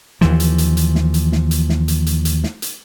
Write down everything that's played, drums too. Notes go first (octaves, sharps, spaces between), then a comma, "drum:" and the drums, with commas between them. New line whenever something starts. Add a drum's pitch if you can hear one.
D#2 E3 F3, drum: snare
drum: hi-hat
drum: hi-hat
drum: hi-hat
drum: snare
drum: hi-hat
drum: snare
drum: hi-hat
drum: snare
drum: hi-hat
drum: hi-hat
drum: hi-hat
drum: snare
drum: hi-hat